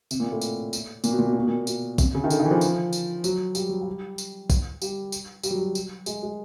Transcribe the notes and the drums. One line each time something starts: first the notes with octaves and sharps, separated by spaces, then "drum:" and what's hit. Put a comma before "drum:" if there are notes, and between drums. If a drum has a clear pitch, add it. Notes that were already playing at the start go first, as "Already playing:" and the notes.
C3, drum: tambourine
A#2
A2
drum: tambourine
drum: tambourine
A#2, drum: tambourine
B2
A#2
B2
A#2
B2
A#2
B2, drum: tambourine
C3, drum: kick, tambourine
C#3
D#3
D3, drum: tambourine
D#3
E3
F3
drum: tambourine
drum: tambourine
F#3, drum: tambourine
G3, drum: tambourine
F#3
G3
drum: tambourine
drum: kick, tambourine
G3, drum: tambourine
drum: tambourine
G3, drum: tambourine
F#3
G3
drum: tambourine
G#3, drum: tambourine
G#3